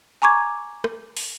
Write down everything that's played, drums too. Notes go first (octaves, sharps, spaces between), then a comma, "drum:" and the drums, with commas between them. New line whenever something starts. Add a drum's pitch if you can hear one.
G#5 A#5 C#6 D6 G#6
drum: rim click
drum: open hi-hat